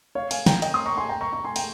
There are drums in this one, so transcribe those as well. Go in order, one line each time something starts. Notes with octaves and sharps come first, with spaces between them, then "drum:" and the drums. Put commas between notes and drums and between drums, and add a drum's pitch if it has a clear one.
C#5 F5
F5 G#5, drum: cymbal
G5 A#5, drum: snare
D#5 G5, drum: cymbal
C6 D#6
A#5 C#6
G#5 C6
G5 A#5
A#5 C#6
A#5 C#6
G#5 C6
G5 A#5, drum: cymbal